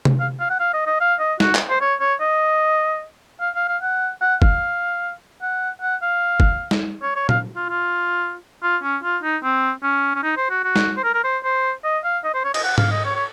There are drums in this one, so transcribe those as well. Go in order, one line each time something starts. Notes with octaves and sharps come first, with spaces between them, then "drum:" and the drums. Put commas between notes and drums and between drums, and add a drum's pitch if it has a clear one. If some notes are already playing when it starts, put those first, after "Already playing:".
drum: tom C3
F5
F5
F#5
F5
D#5
D#5
F5
D#5
F#4, drum: snare
drum: clap
C5
C#5
C#5
D#5
F5
F5
F5
F#5
F#5
F5, drum: kick
F#5
F#5
F5
drum: kick
drum: snare
C#5
C#5
F5, drum: tom A#2
F4
F4
F4
C#4
F4
D#4
C4
C#4
C#4
D#4
C5
F#4
F#4
drum: snare
C5
A#4
A#4
C5
C5
D#5
F5
D#5
C5
C#5
D#5, drum: cymbal
F#5
F5, drum: tom G#2
D#5
C#5
C#5